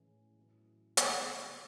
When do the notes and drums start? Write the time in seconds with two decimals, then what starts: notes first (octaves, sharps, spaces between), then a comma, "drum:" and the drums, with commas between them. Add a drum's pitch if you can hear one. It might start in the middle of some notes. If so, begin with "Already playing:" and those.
Already playing: A2 E3 G#3 C#4 E4
0.37 A2 F#3 C#4 E4
0.97 C#2 C3 F#3 A3 C#4, drum: hi-hat